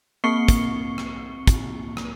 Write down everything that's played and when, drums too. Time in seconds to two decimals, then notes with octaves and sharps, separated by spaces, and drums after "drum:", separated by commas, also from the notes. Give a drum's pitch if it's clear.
0.24 A#3 C4 C#6 C7 C#7 G7
0.48 drum: kick, hi-hat
0.98 drum: rim click
1.47 drum: kick, hi-hat
1.97 drum: rim click